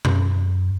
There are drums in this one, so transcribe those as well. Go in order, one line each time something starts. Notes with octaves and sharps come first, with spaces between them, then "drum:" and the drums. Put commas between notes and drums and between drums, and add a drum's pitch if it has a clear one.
F#2, drum: tom B2